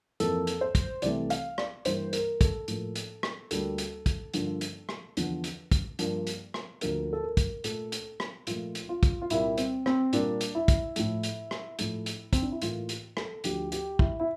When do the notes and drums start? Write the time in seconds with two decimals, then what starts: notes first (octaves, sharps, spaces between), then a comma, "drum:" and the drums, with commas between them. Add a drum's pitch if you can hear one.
0.20 F2 E3 A#3 A4, drum: hi-hat
0.47 drum: hi-hat
0.61 C5
0.75 drum: kick, hi-hat
1.02 C2 C3 E3 A3 D5, drum: hi-hat
1.30 F5, drum: hi-hat
1.58 D5, drum: rim click
1.85 G2 E3 G3 A#3 C5, drum: hi-hat
2.13 A#4, drum: hi-hat
2.41 A4, drum: kick, hi-hat
2.68 A2 F3 A#3, drum: hi-hat
2.96 drum: hi-hat
3.23 drum: rim click
3.51 D2 D3 G3 A#3 A4, drum: hi-hat
3.78 drum: hi-hat
4.06 drum: kick, hi-hat
4.34 G2 D3 F3 A#3, drum: hi-hat
4.61 drum: hi-hat
4.89 drum: rim click
5.17 E2 D3 F3, drum: hi-hat
5.44 drum: hi-hat
5.71 drum: kick, hi-hat
5.99 G2 F3 A#3, drum: hi-hat
6.27 drum: hi-hat
6.54 drum: rim click
6.81 D2 D3 F3 A#3 A#4, drum: hi-hat
7.13 A4
7.23 A#4
7.37 drum: kick, hi-hat
7.64 A#2 A3 A4, drum: hi-hat
7.92 drum: hi-hat
8.20 drum: rim click
8.47 A#2 F3 A3 F4, drum: hi-hat
8.75 drum: hi-hat
8.89 F4
9.03 drum: kick, hi-hat
9.22 F4
9.30 C2 A#2 G3 A#3 E4, drum: hi-hat
9.58 C4, drum: hi-hat
9.86 C4, drum: rim click
10.13 A#2 G3 A#3 D4, drum: hi-hat
10.41 drum: hi-hat
10.55 E4
10.68 drum: kick, hi-hat
10.96 A2 F3 A3, drum: hi-hat
11.23 drum: hi-hat
11.51 drum: rim click
11.79 A2 F3 A3, drum: hi-hat
12.06 drum: hi-hat
12.33 C4, drum: kick, hi-hat
12.42 D4
12.52 E4
12.62 A2 E3 A#3 F4, drum: hi-hat
12.89 drum: hi-hat
13.17 A4, drum: rim click
13.44 D2 D3 F3 G4, drum: hi-hat
13.72 G4, drum: hi-hat
13.99 E4, drum: kick
14.20 E4